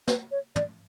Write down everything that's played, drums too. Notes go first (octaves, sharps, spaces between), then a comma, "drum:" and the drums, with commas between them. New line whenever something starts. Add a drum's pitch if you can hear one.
B4, drum: snare
C#5
D5, drum: tom